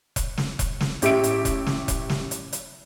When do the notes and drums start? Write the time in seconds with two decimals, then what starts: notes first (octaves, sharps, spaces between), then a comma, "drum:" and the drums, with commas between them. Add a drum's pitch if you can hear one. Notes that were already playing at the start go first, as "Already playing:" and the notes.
0.16 drum: kick E1, hi-hat
0.38 drum: snare
0.59 drum: kick E1, hi-hat
0.81 drum: snare
1.02 A1 G4 E5 D7, drum: hi-hat
1.24 drum: hi-hat
1.45 drum: kick E1, hi-hat
1.67 drum: snare
1.88 drum: kick E1, hi-hat
2.10 drum: snare
2.31 drum: hi-hat
2.53 drum: hi-hat